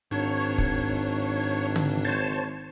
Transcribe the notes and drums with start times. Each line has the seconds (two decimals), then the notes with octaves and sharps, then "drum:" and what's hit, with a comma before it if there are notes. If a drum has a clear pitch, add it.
0.11 G#1 G#2 D4 C#5
0.58 drum: kick
1.76 drum: tom
2.05 C5 C#5 A5